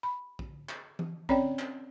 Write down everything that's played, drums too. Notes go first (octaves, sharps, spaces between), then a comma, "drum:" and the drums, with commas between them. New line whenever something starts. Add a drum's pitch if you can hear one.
B5
drum: kick
drum: clap
drum: tom E3
C4 C#4 C#5 D5 G5, drum: kick
drum: clap